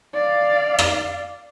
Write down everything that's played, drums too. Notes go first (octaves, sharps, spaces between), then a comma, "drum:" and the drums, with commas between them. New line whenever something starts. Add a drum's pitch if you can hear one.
D5 F5
drum: rim click